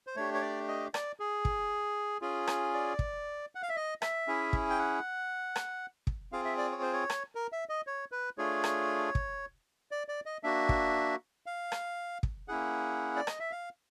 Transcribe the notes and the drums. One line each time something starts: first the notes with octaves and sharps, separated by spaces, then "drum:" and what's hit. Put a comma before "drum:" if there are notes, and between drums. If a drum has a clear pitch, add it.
C5
A3 D4 G4 C#5
C#5
D5
D#5
D5, drum: rim click
G#4
drum: kick
C#4 F4 G#4
drum: rim click
D5
drum: kick
F#5
F5
E5
D#5
E5, drum: rim click
C#4 E4 G#4
drum: kick
G5
F#5
drum: rim click
drum: kick
C4 F4 G#4 F5
E5
D5
C#5
C5
C#5
drum: rim click
A#4
E5
D#5
C#5
B4
A3 D4 F4 G#4 C#5
drum: rim click
drum: kick
D5
D5
D#5
A#3 D4 F#4 E5
drum: kick
F5
drum: rim click
drum: kick
A#3 C#4 E4 G#4 F#5
D5
D#5, drum: rim click
E5
F5